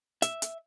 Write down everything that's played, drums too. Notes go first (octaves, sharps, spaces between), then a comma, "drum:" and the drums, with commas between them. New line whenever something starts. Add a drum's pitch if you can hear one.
E5, drum: hi-hat
drum: hi-hat